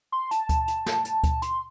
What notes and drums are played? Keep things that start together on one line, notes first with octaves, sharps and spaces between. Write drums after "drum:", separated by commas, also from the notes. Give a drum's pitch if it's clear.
C6
A5, drum: hi-hat
drum: kick D2, hi-hat
drum: hi-hat
drum: snare
drum: hi-hat
drum: kick D2, hi-hat
C6, drum: hi-hat